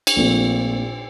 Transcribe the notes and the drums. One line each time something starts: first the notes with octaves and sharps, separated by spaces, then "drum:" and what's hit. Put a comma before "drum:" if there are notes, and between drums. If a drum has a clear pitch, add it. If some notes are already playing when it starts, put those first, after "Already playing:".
drum: cymbal
A#1 A#2 A3 C4